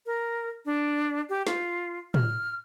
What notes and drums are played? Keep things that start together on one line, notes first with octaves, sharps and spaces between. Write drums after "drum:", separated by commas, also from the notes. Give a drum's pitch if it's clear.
A#4
D4
G4
F4, drum: snare
F6, drum: tom A2